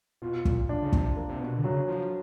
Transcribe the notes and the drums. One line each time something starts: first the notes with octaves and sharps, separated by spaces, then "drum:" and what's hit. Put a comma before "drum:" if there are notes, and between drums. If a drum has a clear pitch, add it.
B2 F4
A#2, drum: kick
D4
C#3
C3, drum: kick
A#3
C3
B2
D3
C#3 F#3
F3